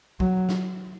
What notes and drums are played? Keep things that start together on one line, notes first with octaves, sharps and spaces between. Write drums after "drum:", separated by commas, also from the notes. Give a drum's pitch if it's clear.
F#3, drum: kick
drum: snare